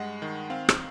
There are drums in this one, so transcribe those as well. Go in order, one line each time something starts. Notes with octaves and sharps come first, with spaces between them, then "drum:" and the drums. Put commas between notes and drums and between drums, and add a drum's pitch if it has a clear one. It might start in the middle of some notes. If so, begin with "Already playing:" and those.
Already playing: G2 G#3 F#5
D#3
C4 F5
drum: rim click